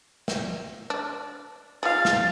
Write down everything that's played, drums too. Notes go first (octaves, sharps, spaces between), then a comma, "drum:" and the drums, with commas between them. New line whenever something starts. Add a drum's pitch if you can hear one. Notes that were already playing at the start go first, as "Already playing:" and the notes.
drum: snare
D4
F4 G#4 F5 A6
drum: snare